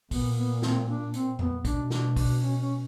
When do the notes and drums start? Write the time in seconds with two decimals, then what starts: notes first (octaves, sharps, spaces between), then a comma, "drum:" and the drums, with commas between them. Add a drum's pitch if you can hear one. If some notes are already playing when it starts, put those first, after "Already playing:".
0.11 A#2 B3, drum: kick, open hi-hat
0.36 B3
0.62 C4, drum: snare
0.88 D4
1.14 C4, drum: hi-hat
1.39 B3, drum: tom F2
1.65 B2 D4, drum: kick, hi-hat
1.90 D4, drum: snare
2.16 D4, drum: kick, open hi-hat
2.42 C#4
2.60 C#4